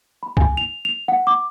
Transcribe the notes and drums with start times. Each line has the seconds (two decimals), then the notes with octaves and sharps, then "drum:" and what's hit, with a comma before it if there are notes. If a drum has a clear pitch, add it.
0.23 B5
0.37 G#5, drum: kick
0.57 F7
0.85 F7
1.08 F#5
1.27 D6